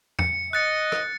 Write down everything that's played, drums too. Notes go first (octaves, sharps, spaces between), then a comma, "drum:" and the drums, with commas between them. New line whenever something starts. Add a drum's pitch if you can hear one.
C#7, drum: tom E2
D#5 F#6 A6 C#7
drum: rim click